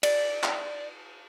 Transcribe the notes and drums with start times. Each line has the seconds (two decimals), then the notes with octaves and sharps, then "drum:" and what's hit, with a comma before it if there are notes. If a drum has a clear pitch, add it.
0.03 D5, drum: cymbal
0.43 drum: clap